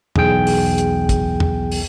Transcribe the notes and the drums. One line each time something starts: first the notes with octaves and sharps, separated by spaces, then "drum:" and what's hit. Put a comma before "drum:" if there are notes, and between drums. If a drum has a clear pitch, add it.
B1 E2 G#4 G5, drum: tom
drum: open hi-hat
drum: hi-hat
drum: kick, hi-hat
drum: tom
drum: open hi-hat